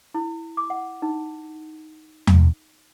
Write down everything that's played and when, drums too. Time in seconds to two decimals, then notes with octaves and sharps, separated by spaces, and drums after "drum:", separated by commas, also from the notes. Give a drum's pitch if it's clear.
0.14 E4
0.57 D6
0.70 F#5
1.02 D#4
2.27 drum: tom E2